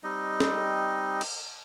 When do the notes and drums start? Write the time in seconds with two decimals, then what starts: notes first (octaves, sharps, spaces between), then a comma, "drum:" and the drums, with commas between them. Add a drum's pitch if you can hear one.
0.03 G3 C4 D#4 D#5
0.40 drum: snare
1.21 drum: cymbal